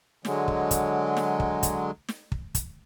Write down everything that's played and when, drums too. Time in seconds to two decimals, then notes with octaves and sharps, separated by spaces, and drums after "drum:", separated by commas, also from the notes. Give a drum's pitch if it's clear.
0.25 D3 F#3 G#3, drum: snare
0.48 drum: kick
0.71 drum: kick, hi-hat
1.17 drum: snare
1.40 drum: kick
1.63 drum: kick, hi-hat
2.09 drum: snare
2.32 drum: kick
2.55 drum: kick, hi-hat